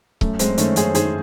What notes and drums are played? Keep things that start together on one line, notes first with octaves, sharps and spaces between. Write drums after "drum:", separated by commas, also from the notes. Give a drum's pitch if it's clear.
F#2 A3, drum: kick C#1
F#2 G#3 C4, drum: hi-hat
D#3 A3 C#4, drum: hi-hat
F#2 G#4 C5, drum: hi-hat
D#3 G#4 C5, drum: hi-hat